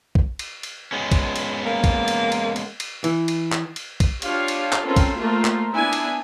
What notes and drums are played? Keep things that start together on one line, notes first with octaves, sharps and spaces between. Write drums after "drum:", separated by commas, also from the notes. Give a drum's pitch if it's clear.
drum: kick
drum: cymbal
drum: cymbal
G#3 B3 C#4
drum: kick, cymbal
drum: cymbal
A#3
drum: kick, cymbal
drum: cymbal
drum: cymbal
drum: cymbal
drum: cymbal
E3, drum: cymbal
drum: cymbal
drum: clap
drum: cymbal
drum: kick, cymbal
D4 F4 G4 C#5 F5, drum: cymbal
drum: cymbal
drum: clap
C4 C#4 F4 A4 A#4 C5
drum: kick, cymbal
A3 A#3 F4 A#4 C5
drum: clap
B3 D4 E4 G#5
drum: cymbal